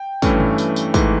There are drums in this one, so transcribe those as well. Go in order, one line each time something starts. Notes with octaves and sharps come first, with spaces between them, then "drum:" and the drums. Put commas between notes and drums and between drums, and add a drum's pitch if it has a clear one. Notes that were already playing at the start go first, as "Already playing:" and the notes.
Already playing: G5
G2 E3 A3 C#4, drum: kick, tambourine
drum: tom
drum: tambourine
drum: tambourine
G#2 E3 A3, drum: kick, tambourine